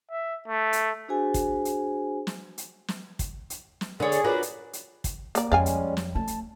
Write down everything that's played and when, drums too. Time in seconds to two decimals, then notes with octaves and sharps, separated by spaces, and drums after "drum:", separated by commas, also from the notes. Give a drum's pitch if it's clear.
0.10 E5
0.48 A3
0.73 drum: hi-hat
1.08 D4 F#4 G#4 C5 G#5
1.34 drum: kick, hi-hat
1.65 drum: hi-hat
2.27 drum: snare
2.58 drum: hi-hat
2.88 drum: snare
3.19 drum: kick, hi-hat
3.50 drum: hi-hat
3.81 drum: snare
4.00 D3 G#4 A#4 C#5 D5
4.12 drum: hi-hat
4.24 D4 F4 F#4 A#4 B4 C#5
4.43 drum: hi-hat
4.73 drum: hi-hat
5.04 drum: kick, hi-hat
5.35 A#3 D5, drum: hi-hat
5.52 F2 G3 G#3 C#4 D5 F5 G#5
5.66 drum: hi-hat
5.97 drum: snare
6.15 A3 A5
6.27 drum: hi-hat